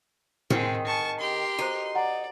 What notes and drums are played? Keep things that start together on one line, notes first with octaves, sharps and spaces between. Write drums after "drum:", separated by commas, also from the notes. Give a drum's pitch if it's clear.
D#3 G#3 C4, drum: tom A2
G#5 A5 C#6
G4 A#4 C6
D#4 F#4 A4 C5
D5 F#5 A#5